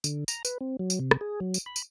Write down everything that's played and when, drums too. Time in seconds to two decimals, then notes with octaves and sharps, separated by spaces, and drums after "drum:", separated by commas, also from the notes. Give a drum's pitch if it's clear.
0.04 D3, drum: tambourine
0.28 A#5, drum: tambourine
0.45 B4, drum: tambourine
0.61 C4
0.79 F#3
0.90 drum: tambourine
1.00 C3
1.11 drum: rim click
1.21 G#4
1.40 F#3
1.54 drum: tambourine
1.66 B5
1.76 drum: tambourine